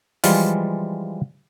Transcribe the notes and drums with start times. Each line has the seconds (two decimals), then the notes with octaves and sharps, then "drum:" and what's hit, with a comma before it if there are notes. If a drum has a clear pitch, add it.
0.24 E3 F3 G3 G#3 F4, drum: open hi-hat